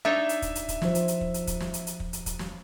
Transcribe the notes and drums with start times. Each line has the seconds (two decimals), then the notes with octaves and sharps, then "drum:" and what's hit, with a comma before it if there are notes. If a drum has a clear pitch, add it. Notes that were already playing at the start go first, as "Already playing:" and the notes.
0.05 D4 D#4 C#5 E5
0.29 drum: hi-hat
0.42 drum: kick, hi-hat
0.55 drum: hi-hat
0.69 drum: kick, hi-hat
0.82 F3 C5, drum: snare
0.95 drum: hi-hat
1.08 drum: hi-hat
1.21 drum: kick
1.34 drum: hi-hat
1.47 drum: kick, hi-hat
1.60 drum: snare
1.74 drum: hi-hat
1.87 drum: hi-hat
2.00 drum: kick
2.13 drum: hi-hat
2.26 drum: kick, hi-hat
2.39 drum: snare